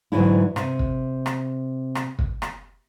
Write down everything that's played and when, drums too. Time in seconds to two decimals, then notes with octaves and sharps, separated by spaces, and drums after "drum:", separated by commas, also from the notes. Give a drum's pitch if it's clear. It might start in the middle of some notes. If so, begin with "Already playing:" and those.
0.12 G#2 D3 E3 F#3 D4 E4
0.56 C3, drum: rim click
0.79 drum: kick
1.26 drum: rim click
1.95 drum: rim click
2.19 drum: kick
2.42 drum: rim click